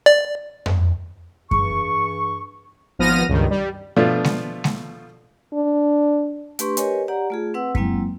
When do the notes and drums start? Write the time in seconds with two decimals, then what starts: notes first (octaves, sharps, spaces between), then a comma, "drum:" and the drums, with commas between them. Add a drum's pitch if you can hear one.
0.06 D5
0.66 drum: tom F2
1.51 G2 E3 G#4 C#6, drum: kick F#2
2.99 G#1 F3 B3 F6 A#6 D#7
3.29 C#2 G2 D#3
3.50 G3
3.96 B2 F3 A3 D4 F4
4.24 drum: snare G#3
4.64 drum: snare G#3
5.53 D4
6.59 A3 D4 G4 B4 C6 C#6, drum: hi-hat
6.77 G4 A#4 B4 C#5 D#5 G#5, drum: hi-hat
7.08 G4 D5 F#5 A#5
7.30 A3 F4 G#4
7.54 C4 B4 F#5 E6
7.75 F#3 G#3 A#3 C4 E4 G5, drum: kick F#2